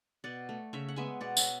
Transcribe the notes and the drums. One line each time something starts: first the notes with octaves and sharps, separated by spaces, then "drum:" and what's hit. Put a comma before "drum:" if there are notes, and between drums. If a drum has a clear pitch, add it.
B2 D5 F#5
A3
C#3 C#5 E5
F#5
G#3 B3 E5 G#5
B2 D5 F#5
C#5 E5, drum: tambourine